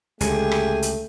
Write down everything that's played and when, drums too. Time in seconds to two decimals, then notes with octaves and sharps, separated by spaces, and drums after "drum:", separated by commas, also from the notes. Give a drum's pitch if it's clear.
0.21 C#2 D3 A3 G4 G#4, drum: hi-hat
0.51 drum: rim click
0.82 drum: hi-hat